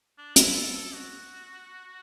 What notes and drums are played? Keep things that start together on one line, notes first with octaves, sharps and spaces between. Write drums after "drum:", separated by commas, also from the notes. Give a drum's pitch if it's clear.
D4
E4, drum: hi-hat
A4
A4
F#4